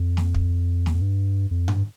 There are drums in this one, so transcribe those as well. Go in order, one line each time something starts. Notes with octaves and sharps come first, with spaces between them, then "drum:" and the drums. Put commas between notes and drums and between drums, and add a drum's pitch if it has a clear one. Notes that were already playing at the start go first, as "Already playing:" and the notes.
Already playing: F2
drum: snare
drum: kick
E2, drum: snare
F2
G2
F2
G2, drum: tom G#2